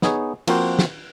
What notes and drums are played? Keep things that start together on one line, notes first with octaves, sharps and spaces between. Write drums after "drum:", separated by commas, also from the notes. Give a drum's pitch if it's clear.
B3 D#4 G#4 C#5, drum: snare
F3 A#3 C4 F4 F#4 C5, drum: cymbal
drum: snare